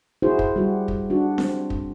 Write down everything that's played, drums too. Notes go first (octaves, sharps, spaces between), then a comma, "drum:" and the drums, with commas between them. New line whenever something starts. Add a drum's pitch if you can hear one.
E4 F#4 G#4 C5
drum: kick
G3 F#4 G4
drum: kick
D4 F#4
C4, drum: snare C4
drum: kick